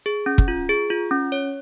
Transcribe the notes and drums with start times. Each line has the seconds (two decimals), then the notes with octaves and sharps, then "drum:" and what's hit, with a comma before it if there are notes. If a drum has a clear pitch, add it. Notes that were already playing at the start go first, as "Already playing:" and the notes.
0.06 G#4
0.26 C#4
0.38 drum: kick
0.48 F4
0.69 G#4
0.90 F4
1.11 C#4
1.32 C#5